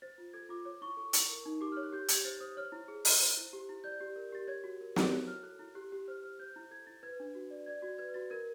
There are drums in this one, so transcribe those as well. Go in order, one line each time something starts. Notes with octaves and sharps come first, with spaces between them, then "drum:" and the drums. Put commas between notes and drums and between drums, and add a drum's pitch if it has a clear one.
C5 A6
F4
A4 G#6
F4 D6
C#5 D6
E4 C#6
A4 C#6
E4, drum: hi-hat
A#4
D#4
G4 D6
F6
C#5
F#6
G4 G6
G4 G#6, drum: hi-hat
C5 A6
C5 D#6
C#5 F6
E4
G#4
E4, drum: open hi-hat
C5 F#6
E4
G4
E4
D5 G6
G4
A#4
G4 A6
C#5 G#6
F#4
A#4
F#4, drum: snare
C#5 F#6
E4 F6
A4 F#6
E4
G4 F#6
G4 F#6
C5 F6
C5 F6
C5 G6
E4
A4 G#6
E4 A6
B4 G#6
D4
F#4
D5
D5 G#6
F#4 G#6
B4 G#6
F#4 A6
A#4 G#6